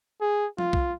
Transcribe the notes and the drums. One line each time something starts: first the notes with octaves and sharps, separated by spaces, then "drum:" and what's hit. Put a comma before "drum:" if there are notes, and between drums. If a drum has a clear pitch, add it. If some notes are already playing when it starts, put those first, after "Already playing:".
G#4
F4, drum: tom F3
drum: kick